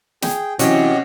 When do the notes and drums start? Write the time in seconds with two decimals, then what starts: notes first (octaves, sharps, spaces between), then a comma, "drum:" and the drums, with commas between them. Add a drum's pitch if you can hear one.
0.22 G#4 G5, drum: snare
0.59 C3 E3 F#3 C#4 G4 D#5 F#5, drum: hi-hat